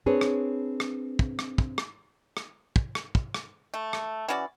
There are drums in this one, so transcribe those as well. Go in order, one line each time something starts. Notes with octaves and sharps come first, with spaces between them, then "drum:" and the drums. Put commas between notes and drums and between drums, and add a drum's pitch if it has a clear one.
C4 D4 G#4 B4 C#5
drum: rim click
drum: rim click
drum: kick
drum: rim click
drum: kick
drum: rim click
drum: rim click
drum: kick
drum: rim click
drum: kick
drum: rim click
A3
drum: rim click
E3 C#4 F#4 D5